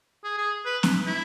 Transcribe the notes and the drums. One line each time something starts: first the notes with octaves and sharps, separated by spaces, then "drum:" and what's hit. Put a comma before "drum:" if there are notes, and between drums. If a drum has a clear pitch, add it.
G#4
G#4
B4
drum: snare
E4